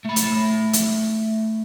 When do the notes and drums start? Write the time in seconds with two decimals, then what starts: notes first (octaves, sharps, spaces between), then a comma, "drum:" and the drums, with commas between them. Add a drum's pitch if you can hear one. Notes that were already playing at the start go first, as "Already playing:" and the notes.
0.05 A3 B5
0.16 drum: hi-hat
0.73 drum: hi-hat